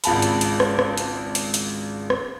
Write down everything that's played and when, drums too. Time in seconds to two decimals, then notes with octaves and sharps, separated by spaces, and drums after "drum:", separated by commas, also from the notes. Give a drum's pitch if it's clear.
0.04 G#1 C#2 A5 B5, drum: hi-hat
0.22 drum: hi-hat
0.41 drum: hi-hat
0.60 drum: rim click
0.79 drum: rim click
0.98 drum: hi-hat
1.35 drum: hi-hat
1.54 drum: hi-hat
2.10 drum: rim click